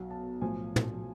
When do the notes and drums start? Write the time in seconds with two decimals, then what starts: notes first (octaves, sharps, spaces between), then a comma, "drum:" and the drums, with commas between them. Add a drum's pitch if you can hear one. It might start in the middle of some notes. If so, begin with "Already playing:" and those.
Already playing: B1 B2 F#3
0.10 A5
0.41 B1 A2 F3 G#5
0.76 drum: tom